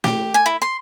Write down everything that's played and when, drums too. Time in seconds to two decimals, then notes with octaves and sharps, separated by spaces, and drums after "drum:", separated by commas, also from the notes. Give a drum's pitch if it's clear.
0.04 G4, drum: snare
0.34 G#5
0.46 E4
0.62 C6